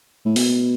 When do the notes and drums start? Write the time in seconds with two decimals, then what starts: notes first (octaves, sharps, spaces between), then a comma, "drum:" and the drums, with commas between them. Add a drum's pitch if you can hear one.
0.25 A2
0.36 B2, drum: open hi-hat